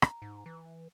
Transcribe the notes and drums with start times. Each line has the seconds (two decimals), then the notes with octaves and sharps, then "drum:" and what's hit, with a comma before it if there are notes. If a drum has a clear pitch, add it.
0.02 A#5, drum: rim click
0.22 G#2
0.46 E3